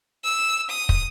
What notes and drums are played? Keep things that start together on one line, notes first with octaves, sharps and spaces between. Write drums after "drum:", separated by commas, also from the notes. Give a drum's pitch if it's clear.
E6
D#6
drum: kick